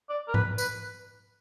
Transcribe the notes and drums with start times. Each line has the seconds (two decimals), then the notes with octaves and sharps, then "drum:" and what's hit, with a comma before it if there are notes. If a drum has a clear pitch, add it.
0.10 D5
0.28 A#4
0.34 B4, drum: tom G#2
0.58 B4, drum: tambourine